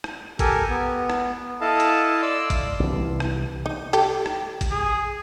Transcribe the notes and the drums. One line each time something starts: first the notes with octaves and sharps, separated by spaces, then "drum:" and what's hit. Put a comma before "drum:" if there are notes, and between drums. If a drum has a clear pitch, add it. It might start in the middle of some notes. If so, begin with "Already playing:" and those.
drum: rim click
G4 A4 A#4 G#5, drum: kick G#1, hi-hat
B3
drum: rim click
E4 A4 D#5 F5 A5
drum: hi-hat
D5 C6 E6
drum: kick G#1, hi-hat
C2 C3 E3
drum: rim click
D#4
G4 A4, drum: hi-hat
drum: rim click
drum: kick G#1, hi-hat
G#4